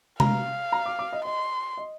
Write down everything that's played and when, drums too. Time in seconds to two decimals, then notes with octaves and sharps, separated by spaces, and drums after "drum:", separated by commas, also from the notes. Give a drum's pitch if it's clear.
0.20 F5 A#5, drum: tom
0.72 A#5
0.86 D6
0.99 D6
1.13 D#5
1.25 D#5 C6
1.77 D#5